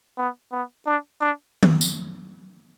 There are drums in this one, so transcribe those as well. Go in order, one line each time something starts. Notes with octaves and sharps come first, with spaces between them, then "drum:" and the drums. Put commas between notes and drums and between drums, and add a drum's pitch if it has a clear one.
B3
B3
D4
D4
drum: tom D#3
drum: tambourine